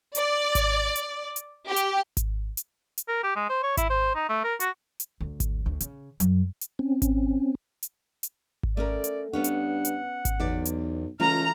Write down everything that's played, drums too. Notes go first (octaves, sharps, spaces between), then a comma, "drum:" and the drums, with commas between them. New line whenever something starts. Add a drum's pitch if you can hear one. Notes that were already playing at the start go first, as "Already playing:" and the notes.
D5, drum: hi-hat
drum: kick G#1, hi-hat
drum: hi-hat
drum: hi-hat
G4
drum: hi-hat
drum: kick G#1, hi-hat
drum: hi-hat
drum: hi-hat
A#4
G4
G#3
C5
C#5
E4, drum: kick G#1, hi-hat
C5
D#4
A3
A#4
F#4, drum: hi-hat
drum: hi-hat
D2
drum: kick G#1, hi-hat
D2
C#3, drum: hi-hat
F#2, drum: hi-hat
drum: hi-hat
C4 C#4
drum: kick G#1, hi-hat
drum: hi-hat
drum: hi-hat
drum: kick G#1
A3 C#4 A#4 D5
drum: hi-hat
G2 B3 C#4 C#5 F#5
drum: hi-hat
drum: hi-hat
drum: kick G#1, hi-hat
B1 E2 D5
drum: hi-hat
C#2 E3 A3 F4 A#5 F6